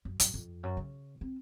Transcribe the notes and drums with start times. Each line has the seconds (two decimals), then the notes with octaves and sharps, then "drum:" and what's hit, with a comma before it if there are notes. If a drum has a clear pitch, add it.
0.05 F#2
0.20 F#2, drum: hi-hat
0.34 F2
0.63 F#2
0.77 C#3
1.21 C4